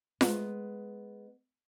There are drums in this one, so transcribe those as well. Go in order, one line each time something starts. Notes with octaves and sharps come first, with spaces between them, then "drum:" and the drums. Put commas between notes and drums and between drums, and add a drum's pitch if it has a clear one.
G#3 B3, drum: snare F4